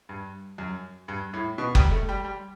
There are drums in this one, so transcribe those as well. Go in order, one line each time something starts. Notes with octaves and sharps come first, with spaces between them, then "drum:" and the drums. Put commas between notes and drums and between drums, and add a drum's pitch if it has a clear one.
G2
F#2
G2
A2
B2
G3, drum: kick F#1
A3
G3
G3